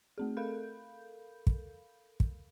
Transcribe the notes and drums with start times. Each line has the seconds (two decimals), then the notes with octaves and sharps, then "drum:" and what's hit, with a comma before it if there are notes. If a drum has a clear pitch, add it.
0.18 A3 C4 G#4
0.37 A4 A#4 F5 B5 G6
1.47 drum: kick
2.20 drum: kick